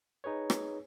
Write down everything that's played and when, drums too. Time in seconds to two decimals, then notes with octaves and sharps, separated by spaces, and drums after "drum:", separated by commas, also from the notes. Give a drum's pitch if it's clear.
0.24 D#4 G#4 B4 C#5
0.50 drum: rim click